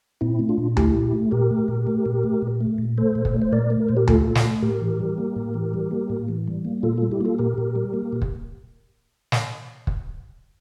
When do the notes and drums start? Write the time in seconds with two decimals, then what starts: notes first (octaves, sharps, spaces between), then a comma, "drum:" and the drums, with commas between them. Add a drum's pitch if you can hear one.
0.21 A#2 C4 E4
0.39 A3
0.49 D4 F4
0.58 A#2
0.77 A3 E4 G4, drum: tom D2
0.95 A#2
1.13 A3
1.31 A#2 G4 A#4
1.51 A3
1.68 A#2
1.87 A3
2.06 A#2
2.23 A3
2.42 A#2
2.61 A3
2.78 A#2
2.98 A3 A4 C5
3.15 A#2
3.25 drum: kick
3.34 A3
3.42 C5
3.52 A#2 A#4 D5
3.70 A3
3.80 A#4
3.89 A#2 C5
3.97 G4 A#4
4.07 A3 F4 A4, drum: tom D2
4.26 A#2
4.35 drum: snare
4.45 A3
4.62 A2 G4 A#4
4.81 E3
4.99 G3
5.18 A#3
5.36 A2
5.54 E3
5.74 G3
5.91 A#3
6.10 A2
6.28 E3
6.47 G3
6.65 A#3
6.83 A#2 F4 A4
6.98 G3 F4 A4
7.11 E4 G4
7.21 A#3 F4 A4
7.38 A#2 G4 A#4
7.58 A#2
7.76 G3
7.93 A#3
8.13 A#2
8.22 drum: kick
9.32 drum: snare
9.87 drum: kick